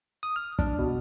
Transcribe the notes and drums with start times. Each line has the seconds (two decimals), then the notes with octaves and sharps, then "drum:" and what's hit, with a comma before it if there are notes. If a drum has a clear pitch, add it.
0.23 D#6
0.36 F6
0.59 D4, drum: kick
0.79 B2